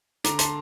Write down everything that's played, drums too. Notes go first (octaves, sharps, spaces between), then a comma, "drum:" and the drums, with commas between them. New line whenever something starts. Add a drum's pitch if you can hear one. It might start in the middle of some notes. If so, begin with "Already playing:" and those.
D3 A#5 D6, drum: hi-hat
A5 C6, drum: hi-hat